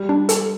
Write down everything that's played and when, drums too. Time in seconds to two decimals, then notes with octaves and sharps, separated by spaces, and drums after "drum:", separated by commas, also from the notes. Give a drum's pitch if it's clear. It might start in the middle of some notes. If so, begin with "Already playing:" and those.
Already playing: G3
0.09 D4
0.29 A4, drum: hi-hat